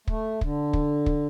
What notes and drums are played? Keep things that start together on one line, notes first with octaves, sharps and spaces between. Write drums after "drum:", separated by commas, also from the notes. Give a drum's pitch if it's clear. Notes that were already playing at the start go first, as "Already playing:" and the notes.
A3, drum: kick
D3, drum: kick
drum: kick
drum: kick